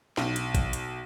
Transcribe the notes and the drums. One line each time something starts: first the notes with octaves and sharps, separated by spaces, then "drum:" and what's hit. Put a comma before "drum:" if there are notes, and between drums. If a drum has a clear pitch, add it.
B1, drum: snare
drum: hi-hat
drum: kick, hi-hat
drum: hi-hat